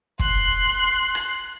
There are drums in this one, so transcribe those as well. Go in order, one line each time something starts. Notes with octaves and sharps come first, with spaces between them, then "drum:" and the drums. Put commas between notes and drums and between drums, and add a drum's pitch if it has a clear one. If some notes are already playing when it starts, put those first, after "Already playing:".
C6 F#6, drum: kick
drum: rim click